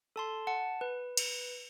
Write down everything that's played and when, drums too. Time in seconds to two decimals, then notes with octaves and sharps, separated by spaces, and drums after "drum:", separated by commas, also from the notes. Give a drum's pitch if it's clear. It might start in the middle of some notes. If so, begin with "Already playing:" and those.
0.16 A4 A5 C6
0.47 F#5 A5
0.81 B4
1.17 drum: cymbal